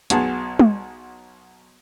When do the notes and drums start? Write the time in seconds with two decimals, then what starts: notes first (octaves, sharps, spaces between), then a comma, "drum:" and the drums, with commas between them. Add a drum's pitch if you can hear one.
0.10 B1 B2 B3 G#4 A5, drum: hi-hat
0.59 drum: tom